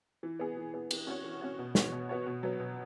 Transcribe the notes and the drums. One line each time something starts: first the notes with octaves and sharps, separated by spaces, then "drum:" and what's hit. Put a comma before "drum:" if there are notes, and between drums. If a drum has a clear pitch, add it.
E3
B3 G#4
E3
B3 G#4
E3, drum: cymbal
C#4 F#4 C#5
E3
C#4 F#4 C#5
B2
B3 F#4 C#5, drum: snare
B2
B3 F#4 C#5
B2
F#3 B3
B2